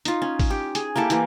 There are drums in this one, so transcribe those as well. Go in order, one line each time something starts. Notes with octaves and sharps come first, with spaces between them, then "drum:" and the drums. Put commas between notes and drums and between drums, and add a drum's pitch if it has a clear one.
D#4 F4, drum: hi-hat
C#4
drum: kick G#1, open hi-hat
G4
G#4, drum: hi-hat
A#3 E4 G4 A4
E3 A#3, drum: hi-hat